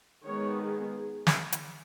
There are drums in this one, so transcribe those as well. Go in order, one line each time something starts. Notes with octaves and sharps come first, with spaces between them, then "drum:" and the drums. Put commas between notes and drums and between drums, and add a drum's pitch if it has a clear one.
D#3 G#3 B3 C#5
G#4
drum: snare
drum: hi-hat